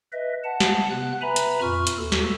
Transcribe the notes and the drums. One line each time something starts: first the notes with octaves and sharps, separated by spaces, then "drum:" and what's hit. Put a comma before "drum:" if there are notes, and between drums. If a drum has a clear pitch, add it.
B4 D#5 E5
F#5 A5
drum: snare
C3 B3 F#6
B4 E5 G#5 A#5 B5
drum: hi-hat
F2 A#2 F4 C#6 F6
drum: hi-hat
D#2 F#4 A4
drum: snare